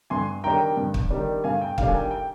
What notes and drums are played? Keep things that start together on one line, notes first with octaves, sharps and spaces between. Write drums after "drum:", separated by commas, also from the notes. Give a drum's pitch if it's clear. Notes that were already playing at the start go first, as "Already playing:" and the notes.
G2 G#5 C6
D#3 G3 D4 G5 A#5
G2
drum: kick
D#3 G3 D4
G2 F5 G#5
G5
D#3 G3 D4 F5, drum: kick
G#5
G5
G5